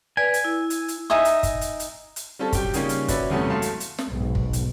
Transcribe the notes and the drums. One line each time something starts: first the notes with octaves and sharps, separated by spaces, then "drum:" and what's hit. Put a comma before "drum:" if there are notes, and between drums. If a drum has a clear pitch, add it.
B4 D5 G#5
drum: hi-hat
E4
drum: hi-hat
drum: hi-hat
D#4 E5 G#5 D#6
drum: hi-hat
drum: kick, hi-hat
drum: hi-hat
drum: hi-hat
drum: hi-hat
G3 C4 C#4 F4 A4 C#5
B1 G4 G5 G6, drum: kick, hi-hat
C#3 G3 A#3 C#4 D#4 F4, drum: hi-hat
drum: hi-hat
C#4 F#4 B4 C#5 D5 E5, drum: kick, hi-hat
E2 G2 C3 A3 B3 C#4
G#1 F#3 A3 F5 A5 C6
drum: hi-hat
drum: hi-hat
drum: snare
B1 G#2 B2
drum: kick
drum: hi-hat